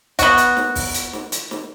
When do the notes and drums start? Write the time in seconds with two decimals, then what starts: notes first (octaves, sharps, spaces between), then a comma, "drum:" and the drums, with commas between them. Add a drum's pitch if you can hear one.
0.19 B3 F#4, drum: kick, hi-hat
0.38 drum: hi-hat
0.57 drum: snare
0.75 drum: kick, open hi-hat
0.94 drum: hi-hat
1.13 drum: snare
1.32 drum: hi-hat
1.51 drum: snare